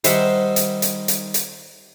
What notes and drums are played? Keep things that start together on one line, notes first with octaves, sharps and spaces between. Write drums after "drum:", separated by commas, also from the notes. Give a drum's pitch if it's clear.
D#3 G3 D#4 C5 E5 F#5, drum: hi-hat
drum: hi-hat
drum: hi-hat
drum: hi-hat
drum: hi-hat